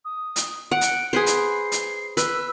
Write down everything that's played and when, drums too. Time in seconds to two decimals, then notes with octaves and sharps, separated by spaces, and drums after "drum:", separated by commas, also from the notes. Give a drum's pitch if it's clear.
0.05 D#6
0.36 drum: hi-hat
0.71 F#5 D7
0.81 drum: hi-hat
1.13 G#4 B4 C5 C7
1.26 drum: hi-hat
1.72 drum: hi-hat
2.17 B4 E6, drum: hi-hat